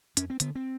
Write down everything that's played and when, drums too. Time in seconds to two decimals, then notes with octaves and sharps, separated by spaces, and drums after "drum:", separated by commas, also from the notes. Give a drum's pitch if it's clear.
0.17 F2 C#4, drum: hi-hat
0.30 C4
0.40 D3 B3, drum: hi-hat
0.55 C4